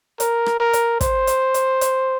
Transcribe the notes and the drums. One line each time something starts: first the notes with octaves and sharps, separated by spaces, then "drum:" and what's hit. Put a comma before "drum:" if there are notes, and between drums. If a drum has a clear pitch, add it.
A#4, drum: hi-hat
drum: rim click
A#4
drum: hi-hat
C5, drum: kick, hi-hat
drum: hi-hat
drum: hi-hat
drum: hi-hat